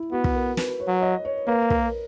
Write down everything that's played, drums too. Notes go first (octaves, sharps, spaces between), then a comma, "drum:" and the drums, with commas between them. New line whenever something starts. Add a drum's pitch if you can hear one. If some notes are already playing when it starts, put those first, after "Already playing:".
Already playing: E4
B3 F#4
drum: kick
A#4
B4, drum: snare
C#5
F#3
D#5
C#5
A#3 B4
A#4, drum: kick